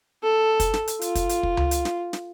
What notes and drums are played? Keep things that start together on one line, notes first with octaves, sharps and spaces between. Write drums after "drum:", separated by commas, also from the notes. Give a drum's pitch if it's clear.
A4
drum: kick, hi-hat
drum: snare
drum: hi-hat
F4, drum: hi-hat
drum: kick, hi-hat
drum: hi-hat
drum: kick
drum: tom C#2
drum: hi-hat
drum: snare
drum: snare